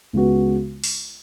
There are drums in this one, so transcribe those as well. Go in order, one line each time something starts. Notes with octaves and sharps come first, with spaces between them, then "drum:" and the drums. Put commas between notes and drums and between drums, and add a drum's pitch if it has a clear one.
C#2 C#3 G#3 B3 F#4
drum: open hi-hat